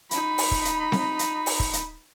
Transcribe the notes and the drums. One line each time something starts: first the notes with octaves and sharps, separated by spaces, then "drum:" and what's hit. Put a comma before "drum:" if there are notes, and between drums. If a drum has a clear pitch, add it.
D#4 B5, drum: hi-hat
drum: open hi-hat
drum: kick
drum: hi-hat
drum: snare C4
drum: hi-hat
drum: open hi-hat
drum: kick
drum: hi-hat